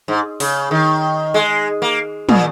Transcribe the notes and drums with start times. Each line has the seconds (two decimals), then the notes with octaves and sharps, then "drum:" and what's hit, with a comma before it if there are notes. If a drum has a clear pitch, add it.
0.08 G#2
0.40 C#3, drum: open hi-hat
0.71 D#3
1.34 G#3
1.82 A#3
2.29 A#2, drum: tom